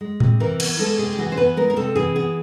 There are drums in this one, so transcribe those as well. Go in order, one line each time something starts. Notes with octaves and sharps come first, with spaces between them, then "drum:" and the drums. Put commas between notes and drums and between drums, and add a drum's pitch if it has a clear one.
G#3
C3, drum: tom A2
E3 A#4
B3, drum: cymbal
G#3 A4
C3 G#4
G4
E3 F#4
C5
B3 B4
G#3 A#4
A#4
C3 A4
E3 G#4
B3 G#4